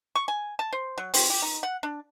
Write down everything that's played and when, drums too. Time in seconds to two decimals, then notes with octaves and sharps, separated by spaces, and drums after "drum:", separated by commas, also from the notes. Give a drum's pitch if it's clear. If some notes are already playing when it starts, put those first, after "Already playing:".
0.15 C#6
0.28 G#5
0.59 A5
0.73 C5
0.98 F#3
1.14 C4, drum: open hi-hat
1.30 G4
1.42 D#4
1.63 F#5
1.83 D4